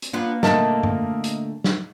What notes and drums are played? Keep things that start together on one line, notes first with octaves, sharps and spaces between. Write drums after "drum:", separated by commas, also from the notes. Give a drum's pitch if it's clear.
drum: hi-hat
A#3 B3 D4 F4
A#2 D3 A3 A#4 D#5 E5 A5, drum: snare
drum: tom F#2
drum: hi-hat
drum: snare